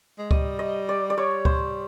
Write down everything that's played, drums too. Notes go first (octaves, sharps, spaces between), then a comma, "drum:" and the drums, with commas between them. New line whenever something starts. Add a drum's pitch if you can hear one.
G#3
G3 D#5, drum: kick C#2
D#5
D5
D5
G3 C#5
C5, drum: kick C#2